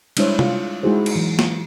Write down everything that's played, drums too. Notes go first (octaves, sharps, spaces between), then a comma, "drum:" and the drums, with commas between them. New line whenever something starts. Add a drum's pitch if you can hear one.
G3 G#3 D4 E4 C5 C#5, drum: cymbal
F4, drum: tom
G#3 D#4 E4 F#4 G#4 C5
drum: cymbal
E3 F#3
drum: snare A#3